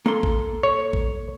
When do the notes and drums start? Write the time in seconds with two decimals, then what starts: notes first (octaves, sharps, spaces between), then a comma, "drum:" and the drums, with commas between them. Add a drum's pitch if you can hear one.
0.06 A#3 A4 C6
0.23 drum: kick A1
0.63 C#5
0.93 drum: kick A1